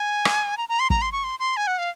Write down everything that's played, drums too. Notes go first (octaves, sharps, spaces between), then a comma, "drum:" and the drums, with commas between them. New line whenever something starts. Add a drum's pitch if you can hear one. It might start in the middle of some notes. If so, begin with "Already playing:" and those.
Already playing: G#5
drum: rim click
A#5
A#5
C6
A#5, drum: kick
C6
C#6
C6
C6
G#5
F#5
F5